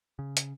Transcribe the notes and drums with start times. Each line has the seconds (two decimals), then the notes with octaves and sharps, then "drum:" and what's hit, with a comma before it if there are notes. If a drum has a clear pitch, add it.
0.19 C#3
0.37 drum: hi-hat